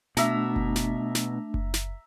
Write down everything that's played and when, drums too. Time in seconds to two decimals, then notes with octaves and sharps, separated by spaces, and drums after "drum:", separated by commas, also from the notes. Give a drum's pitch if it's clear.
0.17 B2 A3 D4 E5 A#5, drum: snare
0.56 drum: kick F#1
0.76 drum: snare
1.15 drum: snare
1.54 drum: kick F#1
1.74 drum: snare